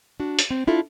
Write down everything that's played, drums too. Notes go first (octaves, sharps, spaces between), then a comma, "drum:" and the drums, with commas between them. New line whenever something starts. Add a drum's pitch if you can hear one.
D4 F#4
drum: hi-hat
C4
D4 E4 F4 A4